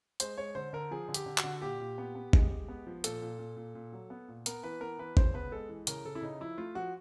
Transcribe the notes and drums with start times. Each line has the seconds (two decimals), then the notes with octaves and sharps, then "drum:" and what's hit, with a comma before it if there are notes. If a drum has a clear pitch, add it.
0.20 G#3 C5, drum: hi-hat
0.38 G#3 C#5
0.55 D3 C5
0.73 D3 A#4
0.91 F3 G#4
1.08 D3
1.14 G4, drum: hi-hat
1.26 D3
1.38 F#4, drum: clap
1.44 D3
1.62 A#2 G4
1.80 A#2
1.98 B3
2.15 B3
2.33 G#3, drum: kick G#1
2.50 G#3
2.68 B3
2.87 F3
3.04 A#2 A4, drum: hi-hat
3.22 A#2
3.39 A#2
3.56 A#2
3.75 A#2
3.93 F#3
4.10 B3
4.28 A#2
4.46 B3 A#4, drum: hi-hat
4.63 E3 B4
4.80 B3 A#4
4.99 E3 B4
5.17 C#3 C5, drum: kick G#1
5.34 B3 B4
5.52 G#3 A4
5.69 E3
5.87 C#3 A#4, drum: hi-hat
6.05 C#3 A4
6.15 E4
6.22 C#3 D#4
6.41 F3 E4
6.58 A3 F4
6.75 F3 F#4